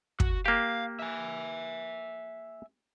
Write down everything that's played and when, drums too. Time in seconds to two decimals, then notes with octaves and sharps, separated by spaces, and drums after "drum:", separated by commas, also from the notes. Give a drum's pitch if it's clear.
0.20 F#4, drum: kick
0.46 A#3 G4 F5
0.99 E5 G#5